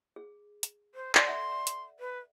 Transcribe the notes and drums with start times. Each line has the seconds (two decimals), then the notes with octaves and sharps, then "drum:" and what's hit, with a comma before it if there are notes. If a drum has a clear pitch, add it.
0.16 G#4
0.63 drum: hi-hat
0.95 C5
1.15 A4 D5 C6, drum: clap
1.27 E5 F#5
1.67 drum: hi-hat
2.00 B4